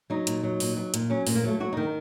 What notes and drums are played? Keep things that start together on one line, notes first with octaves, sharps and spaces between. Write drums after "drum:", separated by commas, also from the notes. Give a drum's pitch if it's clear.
F#3 D#4
A#2, drum: hi-hat
F#3
A#2, drum: open hi-hat
F#3
A#2, drum: hi-hat
F#3 C#4
A#2, drum: open hi-hat
A#3
F#3 A3
F#3 F#4
D#3 D#4